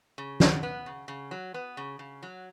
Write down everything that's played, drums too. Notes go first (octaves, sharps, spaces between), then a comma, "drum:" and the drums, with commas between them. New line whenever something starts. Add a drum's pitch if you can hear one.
C#3
F#3, drum: snare
B3
C#3
C#3
F#3
B3
C#3
C#3
F#3